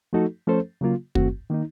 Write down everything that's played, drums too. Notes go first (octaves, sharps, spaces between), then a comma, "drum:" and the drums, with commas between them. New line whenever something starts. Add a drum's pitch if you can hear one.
F3 A3 D#4 F#4 A4
F3 A3 C#4 A4 C5
C#3 F#3 A#3 F4
F#2 D#3 A3 C4 F#4, drum: kick
D#3 A#3 D#4